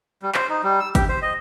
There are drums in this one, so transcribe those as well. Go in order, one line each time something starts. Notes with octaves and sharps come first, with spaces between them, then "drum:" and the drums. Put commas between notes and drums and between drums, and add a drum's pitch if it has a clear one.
G3
C5, drum: clap
D#4
G3
E6
G4, drum: kick, hi-hat
C5
D#5